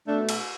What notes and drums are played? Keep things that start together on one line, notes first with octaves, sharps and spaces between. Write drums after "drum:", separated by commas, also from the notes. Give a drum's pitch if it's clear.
B2 A3 D4
drum: cymbal